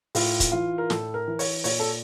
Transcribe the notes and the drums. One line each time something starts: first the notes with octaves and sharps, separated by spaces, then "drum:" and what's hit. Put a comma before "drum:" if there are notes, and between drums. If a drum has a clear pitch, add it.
A2 F4, drum: open hi-hat
drum: kick, hi-hat
E3 F4
A#4
A2 A4, drum: snare
A#4
E3
C#5, drum: open hi-hat
A#2 C#5, drum: open hi-hat
A4